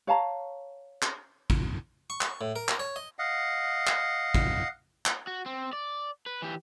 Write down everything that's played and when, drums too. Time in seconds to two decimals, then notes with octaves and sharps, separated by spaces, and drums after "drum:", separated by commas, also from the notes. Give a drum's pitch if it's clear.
0.07 C#5 F5 A5 A#5
1.02 drum: clap
1.50 drum: kick A1
2.10 C#6
2.21 drum: clap
2.41 A2
2.56 A#4
2.68 drum: clap
2.79 C#5
2.96 D#5
3.19 D#5 F5 F#5
3.87 drum: clap
4.34 drum: kick A1
5.06 drum: clap
5.27 F#4
5.46 C4
5.73 D5
6.26 B4
6.42 E3 G4